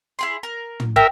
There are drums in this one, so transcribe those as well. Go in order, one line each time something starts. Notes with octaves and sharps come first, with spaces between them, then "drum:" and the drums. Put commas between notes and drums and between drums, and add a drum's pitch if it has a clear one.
E4 G#4 C6
A#4
drum: tom
G4 A#4 E5, drum: kick